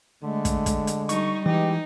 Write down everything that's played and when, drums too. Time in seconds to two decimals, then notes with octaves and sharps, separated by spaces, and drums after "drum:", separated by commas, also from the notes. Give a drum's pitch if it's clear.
0.24 D3 G#3 A3
0.45 drum: kick, hi-hat
0.66 drum: kick, hi-hat
0.87 drum: hi-hat
1.09 G3 D#4 C#6, drum: hi-hat
1.46 E3 G#3 D#4 G4